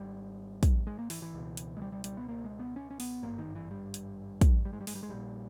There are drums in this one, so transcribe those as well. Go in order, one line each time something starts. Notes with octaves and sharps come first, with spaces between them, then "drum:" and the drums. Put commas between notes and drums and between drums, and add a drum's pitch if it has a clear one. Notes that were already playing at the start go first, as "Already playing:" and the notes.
Already playing: G#1 G#2 G3
drum: kick, hi-hat
G#3
A#3
E3, drum: open hi-hat
E3
C#2 B2
drum: hi-hat
G#3
G3
G3
G3, drum: hi-hat
B3
A#3
G#3
B3
C#4
C#4
B3, drum: open hi-hat
G#1 G2 A#3
D#3
E3
G3
drum: hi-hat
drum: kick, hi-hat
G3
G#3
G3
G#3, drum: open hi-hat
G3
G#3
A#1 A#2 G3